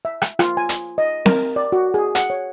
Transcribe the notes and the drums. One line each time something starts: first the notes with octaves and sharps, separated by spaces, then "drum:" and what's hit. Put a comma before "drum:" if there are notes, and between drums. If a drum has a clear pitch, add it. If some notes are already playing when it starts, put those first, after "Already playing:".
E5
drum: rim click
F4, drum: rim click
G#5
drum: hi-hat
D#5
A#4, drum: snare C4
D5
F#4
G#4
F#5, drum: hi-hat
C#5